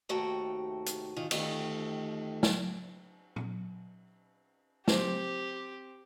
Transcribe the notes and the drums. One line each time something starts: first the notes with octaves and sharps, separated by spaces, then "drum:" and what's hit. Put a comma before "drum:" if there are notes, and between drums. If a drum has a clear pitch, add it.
D#2 C3 A3 D#4 F#4 G5
drum: hi-hat
G#2 D#3 F4
D2 D#3 A3 F4 G4, drum: cymbal
drum: snare
drum: tom A#2
C4 G4, drum: snare